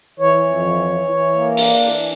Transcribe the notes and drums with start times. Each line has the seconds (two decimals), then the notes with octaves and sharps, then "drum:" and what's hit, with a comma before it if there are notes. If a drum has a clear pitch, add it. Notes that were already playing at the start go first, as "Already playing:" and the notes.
0.20 E3 C#5
0.43 F2
0.65 E3
0.89 E3
1.11 E3
1.35 A#3
1.57 D4, drum: open hi-hat
1.79 E3